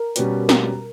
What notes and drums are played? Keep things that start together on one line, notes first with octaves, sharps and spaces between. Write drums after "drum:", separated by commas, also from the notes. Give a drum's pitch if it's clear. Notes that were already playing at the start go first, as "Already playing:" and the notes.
Already playing: A#4
B2 G3 C#4 G4 B4, drum: hi-hat
A#4, drum: snare